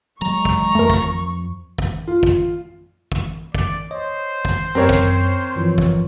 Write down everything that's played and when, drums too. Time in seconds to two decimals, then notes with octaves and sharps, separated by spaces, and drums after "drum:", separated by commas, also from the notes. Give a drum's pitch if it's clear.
0.22 F#3 G#3 A#5 C#6
0.45 drum: kick
0.75 F2 F3 A3 A#4
0.90 drum: kick
1.78 drum: kick
2.07 F4
2.23 drum: kick
3.12 drum: kick
3.55 D5, drum: kick
3.91 C5 C#5 D#5
4.45 drum: kick
4.75 F#2 C4 A#4 C#5
4.89 drum: kick
5.56 G2 E3 F3
5.78 drum: kick